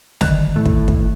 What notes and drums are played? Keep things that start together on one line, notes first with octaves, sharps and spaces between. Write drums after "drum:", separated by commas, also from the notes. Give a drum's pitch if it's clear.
D3 D#3, drum: snare
A2 A3
drum: kick
drum: kick